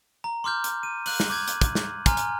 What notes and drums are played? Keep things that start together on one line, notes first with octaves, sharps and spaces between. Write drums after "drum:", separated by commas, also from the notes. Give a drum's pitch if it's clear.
A#5
C6 D6 F6 G6
drum: hi-hat
D#7
F#6 F#7, drum: open hi-hat
drum: snare
D6 G6 G#6
drum: hi-hat
drum: kick, hi-hat
drum: snare
G#5 A#5 C6 F6, drum: kick, hi-hat
drum: hi-hat